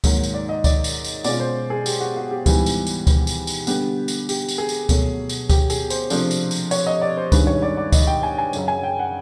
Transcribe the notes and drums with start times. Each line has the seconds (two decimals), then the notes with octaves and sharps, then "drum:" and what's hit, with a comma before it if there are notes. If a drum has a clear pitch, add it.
0.04 G#2 D#3 F#3 A#3, drum: kick D2, tambourine
0.23 drum: tambourine
0.34 D5
0.49 D#5
0.64 D5, drum: kick D2, tambourine
0.84 drum: tambourine
1.04 drum: tambourine
1.24 B2 G#3 C#4 F4 D5, drum: tambourine
1.40 C5
1.70 G#4
1.86 G4, drum: tambourine
2.00 F#4
2.16 F#4
2.31 G4
2.46 G#2 E3 G3 B3, drum: kick D2, tambourine
2.66 drum: tambourine
2.87 drum: tambourine
3.07 drum: kick D2, tambourine
3.27 drum: tambourine
3.47 drum: tambourine
3.67 D3 G3 B3 G4, drum: tambourine
4.08 drum: tambourine
4.29 G4, drum: tambourine
4.49 drum: tambourine
4.58 G#4
4.69 drum: tambourine
4.89 B2 F#3 A3, drum: kick D2, tambourine
5.29 drum: tambourine
5.50 G4, drum: kick D2, tambourine
5.70 G#4, drum: tambourine
5.90 C5, drum: tambourine
6.10 C3 F3 A3 D4 C5, drum: tambourine
6.31 drum: tambourine
6.51 drum: tambourine
6.71 C#5, drum: tambourine
6.87 D#5
7.01 D5
7.17 C5
7.32 G2 D#3 G#3 C#4 B4, drum: kick D2, tambourine
7.47 C#5
7.62 D5
7.77 D5
7.92 D#5, drum: kick D2, tambourine
8.07 G5
8.23 G#5
8.38 G#5
8.53 F#2 C#3 F#3, drum: tambourine
8.68 G#5
8.83 G5
8.99 F#5